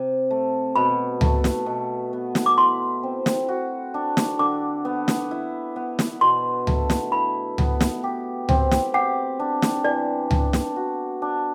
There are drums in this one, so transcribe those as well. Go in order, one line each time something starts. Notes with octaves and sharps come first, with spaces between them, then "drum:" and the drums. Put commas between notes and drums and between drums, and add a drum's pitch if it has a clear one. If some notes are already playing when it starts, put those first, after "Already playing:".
Already playing: C3
A3
B2 B5
A3, drum: tom C#2
drum: snare
B2
B3
drum: snare
D6
E4 C6
C4
drum: snare
F#4
D4
drum: snare
D3 D6
B3
drum: snare
E4
B3
drum: snare
B2 C6
A3, drum: tom C#2
drum: snare
E4 B5
B3, drum: tom C#2
drum: snare
G4
C4, drum: tom C#2
drum: snare
G4 F#5
D4
drum: snare
E3 D5
D4, drum: tom C#2
drum: snare
F#4
D4